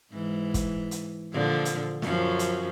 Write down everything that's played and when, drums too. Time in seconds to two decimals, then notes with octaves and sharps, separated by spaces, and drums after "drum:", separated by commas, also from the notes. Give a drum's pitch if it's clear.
0.12 G#2 E3
0.54 drum: kick, hi-hat
0.91 drum: hi-hat
1.32 A#2 D3 F3
1.65 drum: hi-hat
2.02 F#2 F3 C#4, drum: snare
2.39 drum: hi-hat